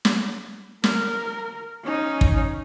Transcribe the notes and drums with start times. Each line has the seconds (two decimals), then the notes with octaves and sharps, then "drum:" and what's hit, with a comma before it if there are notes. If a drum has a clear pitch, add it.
0.05 drum: snare
0.84 A#4, drum: snare
1.84 C#4 D#4
2.21 drum: kick